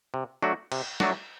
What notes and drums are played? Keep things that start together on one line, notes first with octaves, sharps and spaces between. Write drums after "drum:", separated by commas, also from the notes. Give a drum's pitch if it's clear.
C3
F#3 A3 D4 F#4
C3, drum: cymbal
F#3 A3 D4 F#4, drum: snare